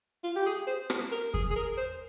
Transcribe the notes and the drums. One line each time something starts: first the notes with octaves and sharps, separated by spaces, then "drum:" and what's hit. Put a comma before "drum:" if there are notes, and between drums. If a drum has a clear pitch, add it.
F4
G4
G#4
C5
drum: rim click
A#4
G#4, drum: kick E2
G#4
A#4
C5